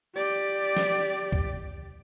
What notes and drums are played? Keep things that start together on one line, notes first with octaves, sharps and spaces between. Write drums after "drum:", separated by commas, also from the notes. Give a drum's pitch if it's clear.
G4 D5
drum: snare
drum: kick